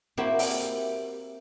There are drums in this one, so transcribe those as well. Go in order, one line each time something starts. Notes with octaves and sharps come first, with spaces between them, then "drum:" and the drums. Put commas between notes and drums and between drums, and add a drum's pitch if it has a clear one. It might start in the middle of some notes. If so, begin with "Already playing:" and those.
A#3 C4 E4 F#4 G4
drum: open hi-hat